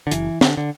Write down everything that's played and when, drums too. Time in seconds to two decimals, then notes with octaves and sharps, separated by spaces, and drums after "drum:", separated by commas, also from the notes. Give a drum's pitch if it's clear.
0.07 D3
0.11 F#1 E3, drum: hi-hat
0.41 D3, drum: snare
0.57 D3